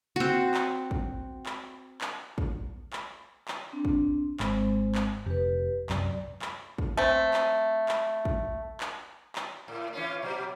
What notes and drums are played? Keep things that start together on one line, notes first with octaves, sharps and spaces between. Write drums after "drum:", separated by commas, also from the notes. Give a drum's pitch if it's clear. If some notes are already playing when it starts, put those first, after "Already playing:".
C4 F#4
drum: clap
drum: kick
drum: clap
drum: clap
drum: kick
drum: clap
drum: clap
C4 D4
drum: kick
G#1 G#3 C4 C5, drum: clap
drum: clap
F1 G4 B4
C2 F#2 D5, drum: clap
drum: clap
drum: kick
A3 C4
drum: clap
drum: clap
drum: kick
drum: clap
drum: clap
A2
E3 C#4 F4
B2 F#3 G3